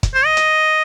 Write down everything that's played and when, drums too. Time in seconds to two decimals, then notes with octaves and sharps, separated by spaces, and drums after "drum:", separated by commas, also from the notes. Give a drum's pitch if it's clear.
0.03 drum: kick, hi-hat
0.14 C5
0.26 D#5
0.37 drum: hi-hat